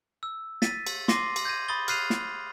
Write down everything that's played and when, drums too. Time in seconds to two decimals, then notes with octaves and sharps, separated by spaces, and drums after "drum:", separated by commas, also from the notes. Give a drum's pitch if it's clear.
0.23 E6
0.62 A6 B6 D#7, drum: snare
0.87 drum: cymbal
1.08 C6 D6 A#6 C7 D#7, drum: snare
1.36 drum: cymbal
1.45 G6 G#6 A#6 D#7
1.68 B5 D#6 A6 G7
1.88 F6 F#6 C7 D#7 F7, drum: cymbal
2.10 drum: snare